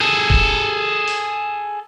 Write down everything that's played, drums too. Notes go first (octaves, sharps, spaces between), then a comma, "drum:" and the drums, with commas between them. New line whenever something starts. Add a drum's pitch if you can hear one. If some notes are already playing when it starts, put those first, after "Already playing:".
G#4 A4
drum: kick
drum: open hi-hat